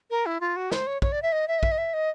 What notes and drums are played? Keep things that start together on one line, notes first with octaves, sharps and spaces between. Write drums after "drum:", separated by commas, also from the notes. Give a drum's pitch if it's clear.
A#4
E4
F4
F#4
C5, drum: snare
C#5
C#5, drum: kick
D5
E5
D#5
E5
D#5
E5, drum: kick
D#5
E5
D#5